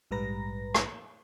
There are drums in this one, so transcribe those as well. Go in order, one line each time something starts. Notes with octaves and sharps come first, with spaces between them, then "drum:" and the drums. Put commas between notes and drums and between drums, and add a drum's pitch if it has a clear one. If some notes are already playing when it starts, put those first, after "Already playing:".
A#1 G#2 G3 B4 A#5 A#6
drum: rim click